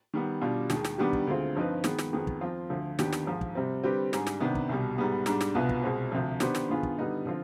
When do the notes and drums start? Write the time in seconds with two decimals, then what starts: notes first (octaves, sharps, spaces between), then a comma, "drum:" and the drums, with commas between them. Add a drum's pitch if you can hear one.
0.14 D#3 G3 B3
0.41 B2 G3 D4 F4
0.70 D#2 D#3 G#3, drum: snare
0.85 drum: snare
0.98 D#3 G3 B3 D4 G4
1.13 drum: kick
1.27 D2 D3 G#3 C4 F4
1.55 G2 F3 C4 D#4 B4
1.84 D#3 G#3 B3, drum: snare
1.99 drum: snare
2.13 F2 D#3 G#3 B3
2.27 drum: kick
2.41 F3 C4 F4
2.70 D2 D3 F3
2.99 D#2 D#3 B3 D4 G4, drum: snare
3.13 drum: snare
3.26 G#2 F3 G#3
3.41 drum: kick
3.55 C3 G3 C4
3.83 D3 G3 C4 G4 B4
4.13 G#2 G3 D4 G#4, drum: snare
4.27 drum: snare
4.40 C3 D#3 B3 D4
4.55 drum: kick
4.69 C2 B2 G3
4.98 G#2 G3 B3
5.26 G#2 G3 D4, drum: snare
5.41 drum: snare
5.55 C2 B2 B3 F4 B4
5.69 drum: kick
5.83 C2 B2 G#3 C4
6.12 D2 C3 F3
6.40 D#3 B3 D4 G4 C5, drum: snare
6.55 drum: snare
6.68 G2 D#3 B3 F4 G#4
6.83 drum: kick
6.97 D3 G3 B3 D#4 B4
7.26 D3 F3 C4 F4